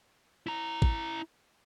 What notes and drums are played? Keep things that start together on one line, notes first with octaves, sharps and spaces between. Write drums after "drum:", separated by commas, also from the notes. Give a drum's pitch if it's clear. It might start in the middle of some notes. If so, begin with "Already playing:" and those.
E4 A#5
drum: kick